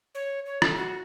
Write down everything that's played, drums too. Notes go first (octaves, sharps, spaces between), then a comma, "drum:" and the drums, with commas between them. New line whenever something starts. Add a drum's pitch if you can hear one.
C#5
C#5
A4, drum: rim click
F#4